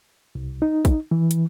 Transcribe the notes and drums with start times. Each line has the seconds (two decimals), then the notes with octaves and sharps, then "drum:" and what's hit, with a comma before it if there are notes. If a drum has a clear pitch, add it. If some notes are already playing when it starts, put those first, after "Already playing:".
0.35 C2
0.62 D#4
0.85 drum: kick, hi-hat
1.11 E3
1.31 drum: hi-hat